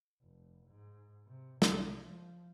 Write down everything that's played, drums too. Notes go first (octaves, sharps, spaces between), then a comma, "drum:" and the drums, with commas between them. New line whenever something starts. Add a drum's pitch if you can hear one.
F1
G#2
C3
C2, drum: snare
F3